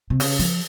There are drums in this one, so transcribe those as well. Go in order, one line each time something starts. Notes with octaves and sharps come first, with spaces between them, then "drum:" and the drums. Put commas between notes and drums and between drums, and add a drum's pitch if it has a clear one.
C3
C#3, drum: open hi-hat
F3, drum: hi-hat